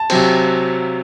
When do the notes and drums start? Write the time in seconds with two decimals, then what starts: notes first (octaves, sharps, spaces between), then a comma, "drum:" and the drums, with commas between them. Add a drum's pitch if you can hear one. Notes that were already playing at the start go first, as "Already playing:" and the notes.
Already playing: A5
0.10 C3 F#3 C4, drum: cymbal